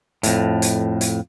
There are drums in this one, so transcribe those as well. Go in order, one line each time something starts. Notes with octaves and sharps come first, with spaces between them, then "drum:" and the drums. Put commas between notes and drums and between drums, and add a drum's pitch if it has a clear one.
F2 A2, drum: hi-hat
drum: hi-hat
drum: hi-hat